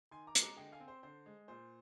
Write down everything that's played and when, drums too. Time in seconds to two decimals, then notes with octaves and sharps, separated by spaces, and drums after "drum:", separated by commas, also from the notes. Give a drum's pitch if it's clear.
0.11 D#3 G#5 C6
0.27 A#5 D6
0.35 G#3, drum: hi-hat
0.42 A#5 D6
0.57 D3 D#5 G5
0.72 F5 G#5
0.80 C4
0.88 C5
1.03 D3 C5
1.26 G#3
1.48 A#2 C5